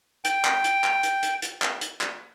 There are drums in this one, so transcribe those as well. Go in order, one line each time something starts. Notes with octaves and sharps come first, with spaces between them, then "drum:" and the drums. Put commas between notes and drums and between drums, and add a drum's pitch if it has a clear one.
G5, drum: hi-hat
drum: clap
drum: hi-hat
drum: clap
drum: hi-hat
drum: hi-hat
drum: hi-hat
drum: clap
drum: hi-hat
drum: clap